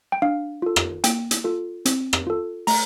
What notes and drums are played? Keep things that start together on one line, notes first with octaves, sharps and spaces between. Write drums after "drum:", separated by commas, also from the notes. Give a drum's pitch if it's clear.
G5
D4 F5
F4 A4
drum: rim click
A#3 G5, drum: hi-hat
drum: hi-hat
F4 A4
C4, drum: hi-hat
drum: rim click
F4 A4
A3 A#5, drum: open hi-hat